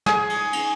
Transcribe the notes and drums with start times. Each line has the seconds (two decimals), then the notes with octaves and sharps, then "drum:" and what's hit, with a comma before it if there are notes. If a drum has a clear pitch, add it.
0.06 G#4, drum: snare
0.30 drum: cymbal
0.53 drum: cymbal